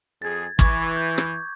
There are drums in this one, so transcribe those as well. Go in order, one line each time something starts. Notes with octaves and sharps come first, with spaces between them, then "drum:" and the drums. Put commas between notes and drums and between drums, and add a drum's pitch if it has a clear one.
F2 G#4 G#6 A6
E3 C#6 D6 G#6, drum: kick
G6
drum: rim click